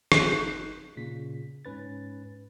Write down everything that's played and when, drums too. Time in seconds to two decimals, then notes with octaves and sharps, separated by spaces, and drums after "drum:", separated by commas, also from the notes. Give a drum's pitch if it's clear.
0.12 G1 D#4 F#6 G6, drum: rim click
0.97 A#2 C#3 B6
1.65 G#2 C#4 B4 A6